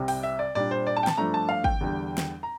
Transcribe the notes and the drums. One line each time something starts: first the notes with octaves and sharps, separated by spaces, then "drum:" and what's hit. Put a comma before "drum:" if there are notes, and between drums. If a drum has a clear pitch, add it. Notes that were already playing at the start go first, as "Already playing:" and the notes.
Already playing: C2 C3 G3 C4
G5, drum: open hi-hat
E5
D5
A#2 G3 D4 D5
C5
D5
A5
G5
A5, drum: snare
G2 F3 A3 D4 A#5
A5
F5
G5, drum: kick G#1
E2 D3 G3
drum: snare
A#5